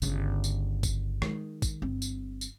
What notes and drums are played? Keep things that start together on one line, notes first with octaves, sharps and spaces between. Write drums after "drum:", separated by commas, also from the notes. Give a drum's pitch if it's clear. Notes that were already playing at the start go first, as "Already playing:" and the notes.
G1 C#3, drum: tambourine
drum: tambourine
drum: kick, tambourine
D#3 G#3, drum: rim click
drum: kick, tambourine
G1 C4
drum: tambourine
drum: tambourine